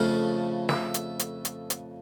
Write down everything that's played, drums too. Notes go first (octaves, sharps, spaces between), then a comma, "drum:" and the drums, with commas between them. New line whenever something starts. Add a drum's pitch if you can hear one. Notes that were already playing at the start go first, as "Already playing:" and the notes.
Already playing: F2 C#3 F3 A3 F5
E5, drum: snare
drum: hi-hat
drum: hi-hat
drum: hi-hat
drum: hi-hat